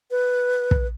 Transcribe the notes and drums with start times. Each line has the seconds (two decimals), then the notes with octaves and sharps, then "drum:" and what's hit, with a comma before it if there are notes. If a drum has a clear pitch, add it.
0.11 B4
0.71 drum: kick